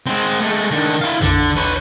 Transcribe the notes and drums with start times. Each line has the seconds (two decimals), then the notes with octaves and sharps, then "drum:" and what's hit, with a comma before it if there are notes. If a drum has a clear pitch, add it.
0.06 G#3 C4
0.41 G#3 A3
0.71 D#3 D4
0.85 drum: hi-hat
1.01 E4 F5
1.21 D3, drum: tom
1.57 B4 C#5